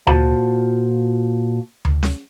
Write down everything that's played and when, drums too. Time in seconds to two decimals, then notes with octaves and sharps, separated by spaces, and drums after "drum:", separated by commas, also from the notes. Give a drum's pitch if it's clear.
0.07 A#2 F4 F#4 C5 A5, drum: tom D2
1.85 drum: tom D2
2.03 drum: snare C#4